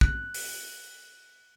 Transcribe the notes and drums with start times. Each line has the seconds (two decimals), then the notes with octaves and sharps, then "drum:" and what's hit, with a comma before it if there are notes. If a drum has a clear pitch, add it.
0.01 F#6, drum: kick
0.34 drum: open hi-hat